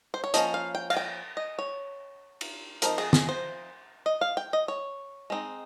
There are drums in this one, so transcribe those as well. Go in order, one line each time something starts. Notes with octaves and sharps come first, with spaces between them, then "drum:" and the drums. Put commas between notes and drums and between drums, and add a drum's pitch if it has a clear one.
C5
C#5
F3 A#3 C#4 D#5, drum: hi-hat
F5
G5
F5, drum: cymbal
G5
D#5
C#5
drum: cymbal
F3 C4 D#4 A#4, drum: hi-hat
G#4, drum: cymbal
G#4, drum: snare
C5
D#5
F5
G5
D#5
C#5
G#3 C4 D#4